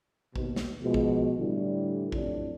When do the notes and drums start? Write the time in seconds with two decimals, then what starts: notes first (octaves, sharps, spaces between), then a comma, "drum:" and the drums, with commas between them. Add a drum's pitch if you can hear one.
0.36 D#2 B2, drum: kick A#1
0.56 drum: snare
0.82 B2 F3 G#3
0.94 drum: kick A#1
1.37 A2 D3 E3 G3
2.12 B1 F2 A2 C3 D4 G4, drum: kick A#1